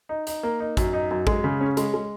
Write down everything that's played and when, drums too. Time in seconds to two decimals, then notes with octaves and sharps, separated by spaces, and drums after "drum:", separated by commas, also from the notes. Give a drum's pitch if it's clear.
0.09 D#4
0.27 D#4, drum: hi-hat
0.43 A#3
0.60 D#4
0.77 F#2, drum: kick, hi-hat
0.93 D#4
1.11 F#2
1.27 G#3, drum: kick
1.44 C#3
1.61 C#4
1.77 G#3, drum: hi-hat
1.94 G#3